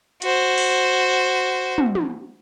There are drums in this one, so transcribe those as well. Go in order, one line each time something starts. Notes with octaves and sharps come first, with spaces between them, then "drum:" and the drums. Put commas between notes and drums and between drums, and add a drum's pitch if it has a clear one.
F#4 C5, drum: hi-hat
drum: open hi-hat
drum: tom
drum: tom